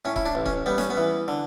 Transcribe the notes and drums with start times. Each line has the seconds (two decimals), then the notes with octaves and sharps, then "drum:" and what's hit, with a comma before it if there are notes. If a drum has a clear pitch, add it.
0.05 A2 C#4
0.16 E4, drum: kick C#1
0.26 D4
0.35 A1
0.46 C#4, drum: kick C#1
0.66 G3 B3
0.78 C#4, drum: snare
0.90 B3
0.97 E3
1.28 D3